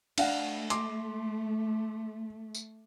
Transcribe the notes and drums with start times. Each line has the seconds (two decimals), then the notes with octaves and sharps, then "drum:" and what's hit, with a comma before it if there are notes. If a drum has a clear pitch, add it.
0.18 A3 D4 F5 F#5, drum: cymbal
0.70 C6 D6, drum: hi-hat
2.55 drum: tambourine